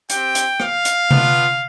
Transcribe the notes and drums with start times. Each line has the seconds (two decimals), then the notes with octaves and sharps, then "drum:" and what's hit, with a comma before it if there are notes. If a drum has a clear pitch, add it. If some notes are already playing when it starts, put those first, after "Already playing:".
0.10 C4 G4 G5, drum: hi-hat
0.35 drum: hi-hat
0.60 F5, drum: rim click
0.85 drum: hi-hat
1.11 B3 D4 F4, drum: tom C3